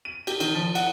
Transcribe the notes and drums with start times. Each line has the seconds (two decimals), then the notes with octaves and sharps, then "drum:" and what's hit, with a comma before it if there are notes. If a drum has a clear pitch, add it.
0.05 D#7
0.27 G4, drum: cymbal
0.40 D#3, drum: cymbal
0.55 F3
0.75 F#5, drum: cymbal